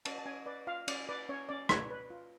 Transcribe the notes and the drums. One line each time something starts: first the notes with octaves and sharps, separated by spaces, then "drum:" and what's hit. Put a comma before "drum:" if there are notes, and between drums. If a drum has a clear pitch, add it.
C#4 A5, drum: cymbal
A5
C#4 G#5
B4 D5
F4 F5
C#4 D5, drum: cymbal
B4 D5
C#4 C#5
C#4 D5
B4 C#5, drum: rim click
B4
F4